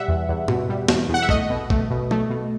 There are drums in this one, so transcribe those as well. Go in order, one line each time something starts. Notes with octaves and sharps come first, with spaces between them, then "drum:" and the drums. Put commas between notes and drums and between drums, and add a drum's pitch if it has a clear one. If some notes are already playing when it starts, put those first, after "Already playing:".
Already playing: B2 G3 E5 F#5
E2
E2
B2, drum: tom G#2
G3
E2, drum: snare
E2
F#5
E5
A3 D#5, drum: kick
B2
A3, drum: kick
B2
A3, drum: tom
B2